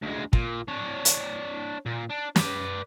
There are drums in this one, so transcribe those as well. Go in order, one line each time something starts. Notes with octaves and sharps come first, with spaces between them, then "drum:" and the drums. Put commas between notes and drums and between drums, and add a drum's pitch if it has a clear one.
D2 G#3
A#2, drum: kick
D4 C#5
drum: hi-hat
A#2
D4
B4 D5, drum: snare